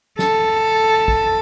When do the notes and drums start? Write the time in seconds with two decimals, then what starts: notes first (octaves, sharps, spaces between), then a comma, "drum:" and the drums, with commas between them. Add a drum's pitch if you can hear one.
0.19 A4, drum: snare
1.08 drum: kick